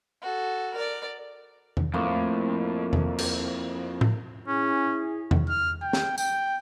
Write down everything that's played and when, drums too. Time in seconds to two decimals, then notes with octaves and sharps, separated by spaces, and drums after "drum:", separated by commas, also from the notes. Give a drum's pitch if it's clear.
0.21 F#4 A4
0.75 A#4 D5
1.77 drum: tom E2
1.94 F2 A2 A#3 C6
2.93 drum: tom E2
3.19 drum: cymbal
4.01 drum: tom A2
4.48 C#4 E4 G#4
5.31 drum: tom E2
5.49 F6
5.82 G5
5.93 drum: snare
6.18 G5, drum: tambourine